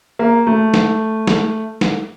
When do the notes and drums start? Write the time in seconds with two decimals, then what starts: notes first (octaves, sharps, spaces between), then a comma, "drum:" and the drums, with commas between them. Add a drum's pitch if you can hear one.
0.19 A#3
0.47 A3
0.74 drum: snare
1.28 drum: snare
1.81 drum: snare